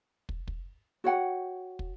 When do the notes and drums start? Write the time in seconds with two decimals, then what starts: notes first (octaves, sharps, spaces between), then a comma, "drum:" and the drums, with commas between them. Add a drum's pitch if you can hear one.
0.29 drum: kick
0.48 drum: kick
1.04 F#4 C#5 F#5 G5
1.79 drum: kick